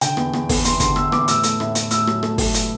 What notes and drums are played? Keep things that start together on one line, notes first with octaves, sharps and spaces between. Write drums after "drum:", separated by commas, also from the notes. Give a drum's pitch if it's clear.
D3 G5, drum: hi-hat
E2, drum: rim click
E2, drum: rim click
E2, drum: kick, open hi-hat
E2 C6, drum: hi-hat
D3 C6, drum: kick, hi-hat
E2 E6, drum: rim click
E2 D6, drum: rim click
A2 E6, drum: hi-hat
A3, drum: hi-hat
A2, drum: rim click
A2, drum: hi-hat
A2 E6, drum: hi-hat
F#3, drum: rim click
A3, drum: rim click
F#3, drum: kick, open hi-hat
drum: hi-hat